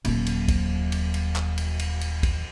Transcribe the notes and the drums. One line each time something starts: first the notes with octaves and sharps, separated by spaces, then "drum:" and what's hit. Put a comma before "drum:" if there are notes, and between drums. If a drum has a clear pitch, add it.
D#1 F#3, drum: cymbal
drum: cymbal
drum: kick B1, cymbal
drum: cymbal
drum: cymbal
drum: clap
drum: cymbal
drum: cymbal
drum: cymbal
drum: kick B1, cymbal